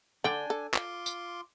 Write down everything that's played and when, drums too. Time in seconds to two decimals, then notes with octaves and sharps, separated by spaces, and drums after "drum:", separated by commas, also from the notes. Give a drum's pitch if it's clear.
0.24 D3 D4 D5 G5 G#5
0.50 A4
0.74 F4 C6 D6, drum: clap
1.06 drum: tambourine